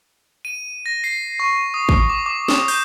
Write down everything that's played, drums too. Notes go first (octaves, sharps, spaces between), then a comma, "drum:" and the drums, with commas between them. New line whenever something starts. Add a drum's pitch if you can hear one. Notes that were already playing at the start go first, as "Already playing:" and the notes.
D#7
A#6
C7
C#6
D#6
drum: kick
D6
D6
D#6, drum: snare
G6, drum: open hi-hat